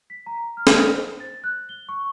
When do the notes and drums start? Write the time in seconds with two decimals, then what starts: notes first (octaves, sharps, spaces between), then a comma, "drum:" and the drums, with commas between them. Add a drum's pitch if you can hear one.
0.10 B6
0.26 A#5
0.57 F6
0.67 drum: snare
0.95 C5
1.20 A6
1.44 F#6
1.69 G7
1.89 C#6